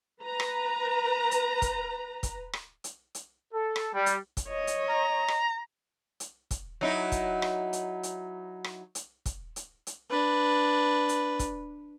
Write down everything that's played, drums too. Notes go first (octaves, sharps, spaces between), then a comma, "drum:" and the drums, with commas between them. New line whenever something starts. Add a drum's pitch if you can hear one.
B4 A#5
drum: rim click
drum: hi-hat
drum: kick, hi-hat
drum: kick, hi-hat
drum: rim click
drum: hi-hat
drum: hi-hat
A4
drum: rim click
G3
drum: hi-hat
drum: kick, hi-hat
C#5 D#5
drum: hi-hat
A#5
drum: rim click
drum: hi-hat
drum: kick, hi-hat
F#3 D#4 E4
drum: kick, hi-hat
drum: rim click
drum: hi-hat
drum: hi-hat
drum: rim click
drum: hi-hat
drum: kick, hi-hat
drum: hi-hat
drum: hi-hat
D4 B4
drum: hi-hat
drum: kick, hi-hat